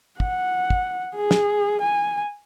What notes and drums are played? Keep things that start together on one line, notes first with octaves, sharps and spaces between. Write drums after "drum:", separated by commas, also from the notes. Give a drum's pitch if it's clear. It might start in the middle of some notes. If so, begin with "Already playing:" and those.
F#5, drum: kick
drum: kick
G#4
drum: snare
G#5